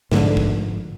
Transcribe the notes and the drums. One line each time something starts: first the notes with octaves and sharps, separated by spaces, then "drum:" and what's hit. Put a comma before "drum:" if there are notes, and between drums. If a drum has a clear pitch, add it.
G#2 D3 F3, drum: snare
drum: kick